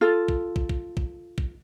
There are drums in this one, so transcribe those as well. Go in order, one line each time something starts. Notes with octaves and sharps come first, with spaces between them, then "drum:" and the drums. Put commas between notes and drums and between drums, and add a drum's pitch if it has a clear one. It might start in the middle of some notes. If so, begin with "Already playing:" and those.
F4 A4
drum: kick
drum: kick
drum: kick
drum: kick
drum: kick